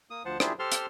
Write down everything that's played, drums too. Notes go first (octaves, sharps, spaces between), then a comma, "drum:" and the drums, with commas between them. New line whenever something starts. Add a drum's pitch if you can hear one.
A#3 D#6
D2 F3 C5 F#5 A5
A#3 D4 E4 F4 G4 G#4, drum: rim click
G4 A4 C5 A5 C6 F6
drum: hi-hat